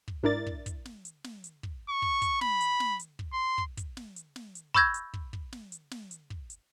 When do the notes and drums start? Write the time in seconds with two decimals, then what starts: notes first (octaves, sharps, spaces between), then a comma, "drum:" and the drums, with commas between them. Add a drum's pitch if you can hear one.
0.08 drum: kick
0.23 G#2 D4 E4 A#4 D5 A6
0.47 drum: kick
0.66 drum: kick, hi-hat
0.85 drum: snare
1.05 drum: hi-hat
1.24 drum: snare
1.44 drum: hi-hat
1.63 drum: kick
1.89 C#6
2.02 drum: kick
2.22 drum: kick, hi-hat
2.41 B5, drum: snare
2.61 drum: hi-hat
2.80 drum: snare
2.99 drum: hi-hat
3.19 drum: kick
3.33 C6
3.58 drum: kick
3.77 drum: kick, hi-hat
3.97 drum: snare
4.16 drum: hi-hat
4.36 drum: snare
4.55 drum: hi-hat
4.74 B5 C#6 E6 G6 G#6 A#6, drum: kick
4.94 drum: hi-hat
5.14 drum: kick
5.33 drum: kick
5.52 drum: snare
5.72 drum: hi-hat
5.91 drum: snare
6.11 drum: hi-hat
6.30 drum: kick
6.50 drum: hi-hat